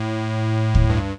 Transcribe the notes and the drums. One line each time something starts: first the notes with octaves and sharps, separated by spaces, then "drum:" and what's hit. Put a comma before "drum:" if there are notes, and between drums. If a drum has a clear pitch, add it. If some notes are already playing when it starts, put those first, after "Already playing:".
Already playing: A2
drum: kick D2
G2